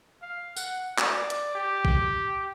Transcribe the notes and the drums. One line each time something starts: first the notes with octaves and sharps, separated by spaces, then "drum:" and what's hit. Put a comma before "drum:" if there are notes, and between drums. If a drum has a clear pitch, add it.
F5
F#5, drum: tambourine
D5, drum: clap
drum: hi-hat
G4
drum: kick